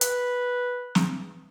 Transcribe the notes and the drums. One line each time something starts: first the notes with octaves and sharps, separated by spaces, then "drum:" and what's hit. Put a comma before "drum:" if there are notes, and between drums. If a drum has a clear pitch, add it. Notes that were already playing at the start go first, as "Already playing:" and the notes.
B4, drum: hi-hat
drum: snare